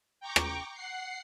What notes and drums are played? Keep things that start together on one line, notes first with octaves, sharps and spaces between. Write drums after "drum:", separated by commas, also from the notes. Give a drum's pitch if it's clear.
G5 A#5 C#6 D6
drum: rim click
F#5 C7